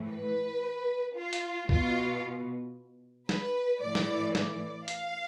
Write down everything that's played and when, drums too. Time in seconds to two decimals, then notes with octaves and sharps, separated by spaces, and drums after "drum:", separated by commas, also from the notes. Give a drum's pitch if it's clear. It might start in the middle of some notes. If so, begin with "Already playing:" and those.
Already playing: A2 E3
0.09 B4
1.16 F4
1.33 drum: hi-hat
1.69 B2 F4, drum: kick C2
3.29 B4, drum: snare
3.81 A2 E3 D5
3.95 drum: snare
4.35 D5, drum: snare
4.88 F5, drum: hi-hat